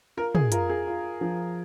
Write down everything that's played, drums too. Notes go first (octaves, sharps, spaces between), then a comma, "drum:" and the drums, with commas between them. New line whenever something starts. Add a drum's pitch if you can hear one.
F4 A#4
G#4, drum: tom
F4 A#4, drum: hi-hat
G#4
F4
F3